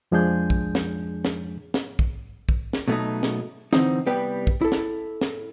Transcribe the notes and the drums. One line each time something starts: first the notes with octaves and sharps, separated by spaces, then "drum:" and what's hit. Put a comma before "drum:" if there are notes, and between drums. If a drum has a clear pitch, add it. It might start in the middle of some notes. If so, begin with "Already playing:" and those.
F2 F3 G#3 D4 G#4 G6
drum: kick
drum: snare
drum: snare
drum: snare
drum: kick
drum: kick
drum: snare
B2 F#3 A3 C#4 D#4
drum: snare
D3 E3 C4 D#4, drum: snare
C2 G3 B3 G4 B4 G5
drum: kick
E4 A4
drum: snare
drum: snare